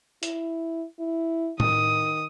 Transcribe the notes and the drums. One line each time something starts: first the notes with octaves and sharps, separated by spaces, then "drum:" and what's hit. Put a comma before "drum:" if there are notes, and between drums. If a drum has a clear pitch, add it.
E4, drum: hi-hat
E4
D#3 D#6, drum: tom A2